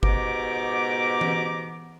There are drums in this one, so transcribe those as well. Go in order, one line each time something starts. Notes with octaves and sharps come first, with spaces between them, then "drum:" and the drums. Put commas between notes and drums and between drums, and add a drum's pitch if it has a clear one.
G#2 B2 B3 G4 A#5 D6, drum: kick G1
drum: tom E3